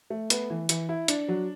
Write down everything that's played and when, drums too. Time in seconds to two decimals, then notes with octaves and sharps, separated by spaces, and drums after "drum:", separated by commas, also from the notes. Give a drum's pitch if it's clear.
0.10 A3
0.30 B3, drum: hi-hat
0.50 E3
0.69 E3, drum: hi-hat
0.89 E4
1.08 D4, drum: hi-hat
1.28 F#3